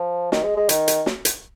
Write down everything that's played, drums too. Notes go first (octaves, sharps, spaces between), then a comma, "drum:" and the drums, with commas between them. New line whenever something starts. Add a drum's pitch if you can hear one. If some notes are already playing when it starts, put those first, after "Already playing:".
Already playing: F3
D#3, drum: snare
G#3
G#3
D#3, drum: hi-hat
drum: hi-hat
drum: snare
drum: hi-hat